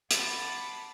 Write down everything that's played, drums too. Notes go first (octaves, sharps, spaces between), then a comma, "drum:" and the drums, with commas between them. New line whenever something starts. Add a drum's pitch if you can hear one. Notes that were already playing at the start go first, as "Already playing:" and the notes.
F#5 A5 B5 C6 D6, drum: hi-hat